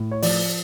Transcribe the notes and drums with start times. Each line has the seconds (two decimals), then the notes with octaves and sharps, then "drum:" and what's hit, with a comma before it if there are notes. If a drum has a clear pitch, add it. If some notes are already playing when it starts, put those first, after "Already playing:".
Already playing: A2
0.11 C#5
0.22 F3 D5, drum: open hi-hat